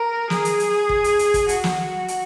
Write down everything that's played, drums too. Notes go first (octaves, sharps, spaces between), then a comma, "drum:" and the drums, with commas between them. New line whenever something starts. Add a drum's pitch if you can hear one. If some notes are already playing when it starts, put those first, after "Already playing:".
Already playing: A#4
G#4, drum: snare
drum: hi-hat
drum: hi-hat
drum: kick
drum: hi-hat
drum: hi-hat
drum: kick, hi-hat
F#4, drum: hi-hat
drum: snare
drum: hi-hat